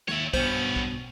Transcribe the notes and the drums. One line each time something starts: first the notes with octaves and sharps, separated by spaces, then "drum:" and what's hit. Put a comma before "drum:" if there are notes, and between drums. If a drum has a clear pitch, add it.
D#2 C#5 E5, drum: snare
G2 B2 B3 C#4 C5, drum: kick
drum: kick